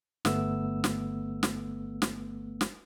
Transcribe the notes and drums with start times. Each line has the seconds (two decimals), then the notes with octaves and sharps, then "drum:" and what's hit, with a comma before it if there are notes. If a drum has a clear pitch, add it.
0.25 G1 A3 B3 E6, drum: snare
0.84 drum: snare
1.43 drum: snare
2.02 drum: snare
2.61 drum: snare